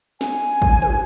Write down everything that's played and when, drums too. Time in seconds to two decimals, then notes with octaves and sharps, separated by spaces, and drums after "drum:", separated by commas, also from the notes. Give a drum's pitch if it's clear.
0.21 G#5, drum: snare
0.62 drum: kick
0.82 drum: tom